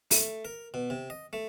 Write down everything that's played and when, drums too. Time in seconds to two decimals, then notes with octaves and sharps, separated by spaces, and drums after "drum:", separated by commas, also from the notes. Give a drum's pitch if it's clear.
0.11 A3, drum: open hi-hat
0.45 A#4
0.74 B2
0.90 C3
1.10 D#5
1.33 A3